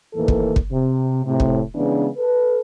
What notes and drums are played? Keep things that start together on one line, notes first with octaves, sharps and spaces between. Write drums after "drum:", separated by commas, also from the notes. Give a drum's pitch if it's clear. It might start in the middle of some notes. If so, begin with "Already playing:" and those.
D#2 A2 E3 A#3 A4
drum: kick
drum: kick
C3
A2 C3
drum: kick
C#3 E3 G#3 B3 D4
A4 B4